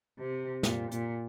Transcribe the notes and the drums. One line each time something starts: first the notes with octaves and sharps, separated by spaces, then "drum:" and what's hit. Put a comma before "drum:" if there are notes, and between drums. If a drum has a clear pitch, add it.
C3
A#2, drum: snare
A#2, drum: hi-hat